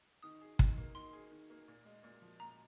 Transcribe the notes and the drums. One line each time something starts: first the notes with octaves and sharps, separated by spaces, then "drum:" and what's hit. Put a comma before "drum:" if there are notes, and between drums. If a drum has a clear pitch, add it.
D#3 D#6
G#4
D#3, drum: kick
A#3
D#3 C6
G#4
D#3
A#3
A#2
G#3
A#2
F3
A#2 A#5